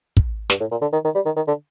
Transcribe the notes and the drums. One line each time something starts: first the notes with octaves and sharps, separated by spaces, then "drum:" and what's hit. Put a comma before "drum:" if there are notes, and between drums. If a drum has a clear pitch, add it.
drum: kick
G2, drum: snare
A2
A#2
D3
D#3
D#3
G3
D#3
D#3
D3